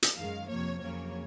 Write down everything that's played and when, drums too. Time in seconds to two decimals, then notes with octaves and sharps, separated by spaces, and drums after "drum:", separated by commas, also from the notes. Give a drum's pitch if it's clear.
0.02 drum: hi-hat
0.18 F#2 D#3 G#3 F5
0.50 F2 C3 F3 A#3 C#5
0.81 F2 C#3 F#3 A#3 C#5